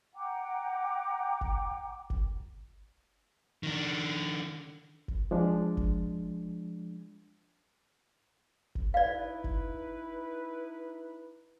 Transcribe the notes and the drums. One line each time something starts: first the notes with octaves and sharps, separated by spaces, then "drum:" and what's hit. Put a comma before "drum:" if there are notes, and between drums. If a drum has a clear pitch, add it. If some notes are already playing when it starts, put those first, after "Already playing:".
F#5 G5 A#5 D6
drum: kick F#1
drum: kick F#1
D#3 D4
drum: kick F#1
F3 G#3 D4
drum: kick F#1
drum: kick F#1
D#4 E4 B4 D5 F5
drum: kick F#1